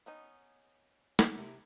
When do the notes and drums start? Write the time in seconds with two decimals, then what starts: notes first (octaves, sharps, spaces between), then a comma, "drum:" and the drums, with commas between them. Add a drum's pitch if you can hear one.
0.06 B3 C#4 D#4
1.19 drum: snare
1.37 C3